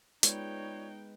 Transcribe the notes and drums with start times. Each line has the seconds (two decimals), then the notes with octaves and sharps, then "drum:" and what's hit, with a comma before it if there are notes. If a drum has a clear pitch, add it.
0.23 G#3 B3 D#4 F4 B4 C#5 D5 G5, drum: hi-hat